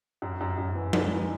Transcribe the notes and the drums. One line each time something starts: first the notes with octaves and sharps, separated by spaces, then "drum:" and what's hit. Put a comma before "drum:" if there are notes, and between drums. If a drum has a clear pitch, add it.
F#2
F#2
F#2
E3
G#3, drum: tom F3
E3